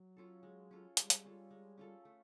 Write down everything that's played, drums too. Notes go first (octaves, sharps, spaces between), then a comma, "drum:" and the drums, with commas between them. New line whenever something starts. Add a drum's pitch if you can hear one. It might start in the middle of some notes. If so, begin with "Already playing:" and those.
Already playing: F#3
C#4 F4 A4
G#3
C#4 F4 A4
G3 G#3, drum: hi-hat
drum: hi-hat
C#4 F4 A4
G#3
C#4 F4 A4
A3